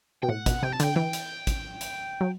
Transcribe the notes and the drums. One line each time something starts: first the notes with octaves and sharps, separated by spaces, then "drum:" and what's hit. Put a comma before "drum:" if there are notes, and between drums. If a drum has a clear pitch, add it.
B2 G5
A2 F#5
B2, drum: kick, hi-hat
C3 G5
A5
D3 G5, drum: hi-hat
E3 G5
drum: hi-hat
drum: kick, hi-hat
drum: hi-hat
F#3